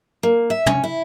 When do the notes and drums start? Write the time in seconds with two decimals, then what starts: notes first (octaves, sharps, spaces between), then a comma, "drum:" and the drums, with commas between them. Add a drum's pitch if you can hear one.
0.23 A#3
0.50 E5
0.66 C#4, drum: tom
0.84 E4